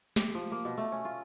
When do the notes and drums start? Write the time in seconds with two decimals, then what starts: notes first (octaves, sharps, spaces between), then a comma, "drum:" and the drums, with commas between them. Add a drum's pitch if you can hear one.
0.16 G4, drum: snare
0.35 F3
0.52 A#3
0.65 B2
0.78 A3
0.92 C#4
1.05 F4